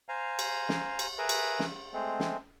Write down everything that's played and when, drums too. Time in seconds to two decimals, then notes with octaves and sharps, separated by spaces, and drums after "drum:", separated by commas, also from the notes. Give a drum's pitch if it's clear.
0.09 C5 F5 G#5 A#5
0.39 drum: cymbal
0.69 drum: snare
0.99 drum: cymbal
1.18 G#4 A#4 B4 E5
1.29 drum: cymbal
1.59 drum: snare
1.93 G#3 A3 C4
2.20 drum: snare